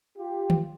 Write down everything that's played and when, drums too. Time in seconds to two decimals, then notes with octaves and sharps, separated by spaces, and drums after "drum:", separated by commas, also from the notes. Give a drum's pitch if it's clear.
0.18 F4 G4
0.50 drum: tom D#3